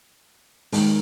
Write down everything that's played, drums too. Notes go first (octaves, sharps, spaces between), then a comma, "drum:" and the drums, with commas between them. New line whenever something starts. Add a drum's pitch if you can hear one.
D#2 D#3 G#3, drum: open hi-hat